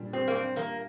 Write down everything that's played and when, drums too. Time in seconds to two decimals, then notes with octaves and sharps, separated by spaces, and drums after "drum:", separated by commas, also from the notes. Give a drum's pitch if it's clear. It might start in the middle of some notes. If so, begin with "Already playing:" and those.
Already playing: A#2 G3 D4
0.13 C4 G4
0.28 A#3
0.35 C4 D4
0.56 G3 A#3, drum: hi-hat